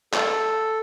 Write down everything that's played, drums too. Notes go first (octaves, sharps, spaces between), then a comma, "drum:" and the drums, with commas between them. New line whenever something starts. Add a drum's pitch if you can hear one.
A4, drum: clap